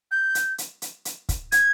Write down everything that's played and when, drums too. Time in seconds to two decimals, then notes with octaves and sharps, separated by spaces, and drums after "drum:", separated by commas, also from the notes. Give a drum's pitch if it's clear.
0.11 G6
0.35 drum: hi-hat
0.58 drum: hi-hat
0.82 drum: hi-hat
1.05 drum: hi-hat
1.29 drum: kick, hi-hat
1.52 G#6, drum: hi-hat